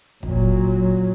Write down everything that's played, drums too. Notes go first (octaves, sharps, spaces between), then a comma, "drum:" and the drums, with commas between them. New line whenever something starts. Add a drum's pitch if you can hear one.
A#2 F#3, drum: kick